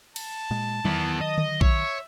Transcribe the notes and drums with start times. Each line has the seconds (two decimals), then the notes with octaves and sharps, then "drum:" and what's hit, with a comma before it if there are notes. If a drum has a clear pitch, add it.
0.16 A5, drum: cymbal
0.51 A#2 G#3
0.85 D#3 E3 F#3 B3, drum: tom F#3
1.21 D#5
1.38 drum: tom D3
1.61 C#5 E5, drum: kick A#1